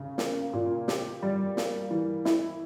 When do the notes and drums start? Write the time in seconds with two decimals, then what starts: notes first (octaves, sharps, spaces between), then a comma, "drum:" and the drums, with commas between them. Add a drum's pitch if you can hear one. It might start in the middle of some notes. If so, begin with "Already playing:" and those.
Already playing: C#3
0.18 A#3, drum: snare
0.53 A#2
0.88 G4, drum: snare
1.22 G3
1.57 A#3, drum: snare
1.91 E3
2.25 E4, drum: snare